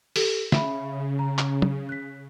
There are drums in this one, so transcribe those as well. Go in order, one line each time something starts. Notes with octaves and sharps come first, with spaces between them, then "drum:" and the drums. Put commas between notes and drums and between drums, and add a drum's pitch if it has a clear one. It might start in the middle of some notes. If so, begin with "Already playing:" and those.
G4 A4, drum: open hi-hat
C#3 E5 B5, drum: snare
A#5
drum: clap
drum: tom
F#6 B6